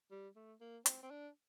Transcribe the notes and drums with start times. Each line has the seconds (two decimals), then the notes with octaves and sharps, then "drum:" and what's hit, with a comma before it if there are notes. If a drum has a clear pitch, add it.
0.11 G3
0.36 A3
0.61 A#3
0.86 C4, drum: hi-hat
1.03 C4
1.10 D4